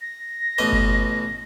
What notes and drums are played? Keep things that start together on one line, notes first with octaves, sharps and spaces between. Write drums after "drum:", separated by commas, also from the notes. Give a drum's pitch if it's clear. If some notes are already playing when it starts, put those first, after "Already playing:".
A#6
A1 B2 D#5
drum: kick G1